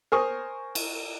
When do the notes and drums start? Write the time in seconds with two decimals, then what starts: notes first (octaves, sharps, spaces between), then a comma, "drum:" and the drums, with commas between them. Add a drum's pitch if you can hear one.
0.12 A#4 C5 G#5 C#6 D#6
0.75 drum: cymbal